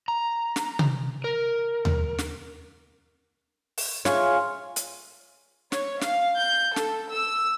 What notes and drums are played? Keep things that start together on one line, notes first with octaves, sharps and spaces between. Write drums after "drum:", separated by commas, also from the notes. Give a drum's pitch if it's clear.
A#5
drum: snare
drum: tom C3
A#4
drum: tom D#2
drum: snare
drum: open hi-hat
F4 G#4 C#5, drum: snare
drum: hi-hat
C#5, drum: snare
F5, drum: snare
G6
A4, drum: snare
E6